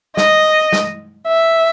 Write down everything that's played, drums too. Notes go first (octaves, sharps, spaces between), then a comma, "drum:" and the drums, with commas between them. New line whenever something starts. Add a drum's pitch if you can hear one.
D#5, drum: snare
drum: snare
E5